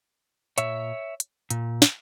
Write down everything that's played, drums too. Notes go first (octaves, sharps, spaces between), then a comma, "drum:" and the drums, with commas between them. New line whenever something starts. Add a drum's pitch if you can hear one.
A#2 C#5 E5, drum: hi-hat
drum: hi-hat
A#2, drum: hi-hat
drum: snare